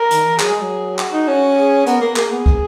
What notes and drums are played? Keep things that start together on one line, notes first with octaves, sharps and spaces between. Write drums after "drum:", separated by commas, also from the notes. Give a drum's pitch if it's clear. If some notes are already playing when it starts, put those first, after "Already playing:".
Already playing: A#4
D#3, drum: hi-hat
E3
F#3 G#4, drum: clap
G#3
F#3
F#4, drum: clap
D#4
C#4
G#4
B3 A#4, drum: hi-hat
A#3
A#3 G#4, drum: clap
B3
drum: kick